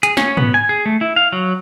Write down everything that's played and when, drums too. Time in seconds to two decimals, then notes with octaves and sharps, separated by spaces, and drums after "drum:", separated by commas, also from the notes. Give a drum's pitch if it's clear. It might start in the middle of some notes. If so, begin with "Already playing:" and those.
0.03 G#4, drum: hi-hat
0.17 C#4, drum: snare
0.37 B3, drum: tom
0.54 G#5
0.69 G#4
0.86 A3
1.01 E4
1.16 F5
1.32 F#3